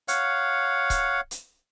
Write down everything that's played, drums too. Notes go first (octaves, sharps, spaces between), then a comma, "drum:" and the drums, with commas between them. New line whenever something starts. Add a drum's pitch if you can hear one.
C#5 F5 F#5, drum: hi-hat
drum: kick C#1, hi-hat
drum: hi-hat